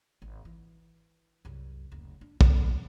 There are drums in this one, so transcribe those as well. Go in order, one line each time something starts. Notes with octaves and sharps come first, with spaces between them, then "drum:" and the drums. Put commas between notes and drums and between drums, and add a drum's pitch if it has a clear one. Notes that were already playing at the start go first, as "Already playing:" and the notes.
G#1
E3
C2 F#2
F#1 D2
D4
C4, drum: kick